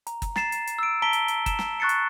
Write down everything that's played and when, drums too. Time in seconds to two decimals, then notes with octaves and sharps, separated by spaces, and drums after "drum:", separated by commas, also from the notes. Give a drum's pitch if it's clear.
0.07 A#5, drum: hi-hat
0.22 drum: kick G1, hi-hat
0.36 A#5 A6 C7 E7, drum: snare
0.52 drum: hi-hat
0.67 drum: hi-hat
0.79 E6 D7
1.02 A5 A#5 B6 D7 G7
1.13 drum: hi-hat
1.28 drum: hi-hat
1.46 E7, drum: kick G1, hi-hat
1.59 drum: snare
1.80 C#6 F#6 A6 C7 C#7
1.89 drum: hi-hat